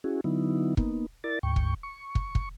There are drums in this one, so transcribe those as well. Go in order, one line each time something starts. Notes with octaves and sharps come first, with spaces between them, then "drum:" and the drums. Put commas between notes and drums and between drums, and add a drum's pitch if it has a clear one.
C#4 E4 F#4 G#4
D3 F#3 B3 D#4 E4
A#3 B3 D#4, drum: kick
E4 A#4 D5 A6
D2 G#2 G5 C#6
drum: kick
C#6
drum: kick
drum: kick